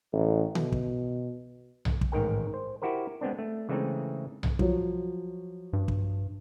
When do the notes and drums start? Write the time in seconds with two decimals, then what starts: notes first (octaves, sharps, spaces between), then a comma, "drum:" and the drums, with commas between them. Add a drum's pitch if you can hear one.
0.13 A1
0.55 B2, drum: tom D3
0.72 drum: kick
1.85 drum: tom B1
2.01 drum: kick
2.12 A1 G#2 D#3 A#4 G5
2.54 C5
2.82 E4 F#4 G4 A#4 C5
3.21 G#3 B3 C4 D4
3.39 A3
3.69 C#3 E3 G#3 A3 C4 D#4
4.43 drum: tom B1
4.59 F3 F#3 C#5, drum: kick
5.73 G2
5.88 drum: kick